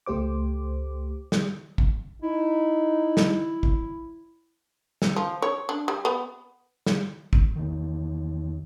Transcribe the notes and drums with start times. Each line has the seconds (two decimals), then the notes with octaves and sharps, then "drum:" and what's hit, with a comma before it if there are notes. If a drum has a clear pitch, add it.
0.06 C#2 A3 G4 C5 D6
1.32 drum: snare
1.78 drum: kick
2.22 D#4 E4
3.17 drum: snare
3.63 drum: kick
5.02 drum: snare
5.16 F3
5.42 C#5
5.69 D4
5.88 G3
6.05 B3
6.86 drum: snare
7.33 drum: kick
7.56 E2 D#3